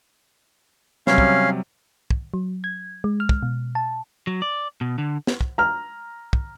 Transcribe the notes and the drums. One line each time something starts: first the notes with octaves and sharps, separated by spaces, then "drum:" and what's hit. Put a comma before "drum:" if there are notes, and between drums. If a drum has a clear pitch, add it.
C3 F#3 G3 C#4 F5, drum: snare
drum: kick
drum: kick
F#3
G#6
G#3
F6
drum: kick
B2
A5
F#3
D5
B2
D3
drum: snare
drum: kick
A#5 F6
drum: kick